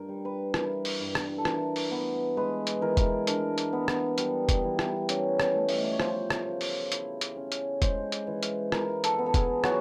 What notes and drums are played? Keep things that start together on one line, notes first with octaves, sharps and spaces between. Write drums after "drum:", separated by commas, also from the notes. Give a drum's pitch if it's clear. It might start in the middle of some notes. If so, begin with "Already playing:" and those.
Already playing: G2 A#4
G3
B4
E3 A#4, drum: rim click
drum: open hi-hat
G2
drum: rim click
A4
E3 A#4, drum: rim click
drum: open hi-hat
B3
G#3 B4
drum: hi-hat
E3 A#4
drum: kick, hi-hat
D4 A#4, drum: hi-hat
drum: hi-hat
B3
drum: rim click
G3, drum: hi-hat
drum: kick, hi-hat
E3
drum: rim click
C#4, drum: hi-hat
drum: rim click
A3
E5, drum: open hi-hat
D#5
D5
C#5
F3 C5, drum: rim click
drum: rim click
C#3
drum: open hi-hat
E4, drum: hi-hat
drum: hi-hat
C#4
drum: hi-hat
G#3 C5, drum: kick, hi-hat
drum: hi-hat
E3
drum: hi-hat
E4 A#4, drum: rim click
A4, drum: hi-hat
B3
A4
G#4, drum: kick, hi-hat
F#3 F#4, drum: rim click